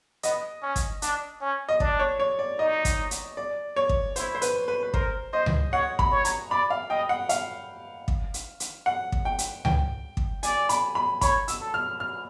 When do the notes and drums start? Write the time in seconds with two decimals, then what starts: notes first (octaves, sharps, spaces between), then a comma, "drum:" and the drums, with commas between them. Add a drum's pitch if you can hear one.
0.23 B3 D#5, drum: hi-hat
0.62 C#4
0.76 drum: kick, hi-hat
1.02 D4, drum: hi-hat
1.41 C#4
1.69 D#5
1.80 D4 D5, drum: kick
1.99 C#5
2.20 C#5
2.39 D5
2.59 D#4 D#5
2.85 drum: kick, hi-hat
3.11 drum: hi-hat
3.37 D5
3.76 C#5
3.89 drum: kick
4.16 E4 C5, drum: hi-hat
4.35 C5
4.42 B4, drum: hi-hat
4.68 B4
4.83 B4
4.94 A#4 C5, drum: kick
5.33 C5 D#5
5.46 drum: tom C#2
5.72 C#5 F#5
5.99 B5, drum: kick
6.12 C#5
6.25 A#5, drum: hi-hat
6.51 D5 B5
6.70 F5
6.90 D#5 G5
7.09 F#5
7.29 F5, drum: hi-hat
8.08 drum: kick
8.34 drum: hi-hat
8.60 drum: hi-hat
8.86 F#5
9.12 drum: kick
9.25 G5
9.38 drum: hi-hat
9.65 G5, drum: tom C#2
10.17 drum: kick
10.43 D5 G#5, drum: hi-hat
10.69 B5, drum: hi-hat
10.95 B5
11.21 C#5 B5, drum: kick, hi-hat
11.48 E6, drum: hi-hat
11.61 A4
11.74 F6
12.00 F6